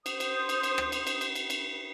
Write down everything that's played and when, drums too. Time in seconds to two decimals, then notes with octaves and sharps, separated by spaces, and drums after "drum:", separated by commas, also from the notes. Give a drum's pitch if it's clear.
0.06 C5 D#6, drum: cymbal
0.20 drum: cymbal
0.49 drum: cymbal
0.63 drum: cymbal
0.78 drum: rim click
0.92 drum: cymbal
1.07 drum: cymbal
1.21 drum: cymbal
1.35 drum: cymbal
1.50 drum: cymbal